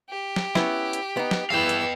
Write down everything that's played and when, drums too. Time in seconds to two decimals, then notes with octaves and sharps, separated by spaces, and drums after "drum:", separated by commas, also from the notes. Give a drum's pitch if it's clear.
0.10 G4
0.36 drum: snare
0.55 B3 C#4 E4, drum: snare
0.93 drum: hi-hat
1.17 B3 D#4
1.31 drum: snare
1.50 E2 G2 E3 B3 F5 G5 E6
1.69 drum: hi-hat